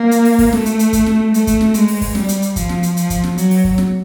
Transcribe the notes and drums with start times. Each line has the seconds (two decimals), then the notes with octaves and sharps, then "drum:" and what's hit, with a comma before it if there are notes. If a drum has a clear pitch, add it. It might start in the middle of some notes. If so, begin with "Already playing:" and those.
Already playing: A#3
0.11 drum: hi-hat
0.25 drum: open hi-hat
0.39 drum: kick, open hi-hat
0.53 A3, drum: snare
0.66 drum: hi-hat
0.79 drum: hi-hat
0.93 drum: kick, hi-hat
1.06 drum: snare
1.34 A3, drum: hi-hat
1.47 drum: kick, hi-hat
1.61 drum: snare
1.74 G#3, drum: hi-hat
1.88 drum: open hi-hat
2.01 drum: kick, open hi-hat
2.15 G3, drum: snare
2.29 drum: hi-hat
2.42 drum: hi-hat
2.56 F3, drum: kick, hi-hat
2.69 drum: snare
2.83 drum: hi-hat
2.97 F3, drum: hi-hat
3.10 drum: kick, hi-hat
3.24 drum: snare
3.38 F#3, drum: hi-hat
3.51 drum: open hi-hat
3.64 drum: kick
3.78 drum: snare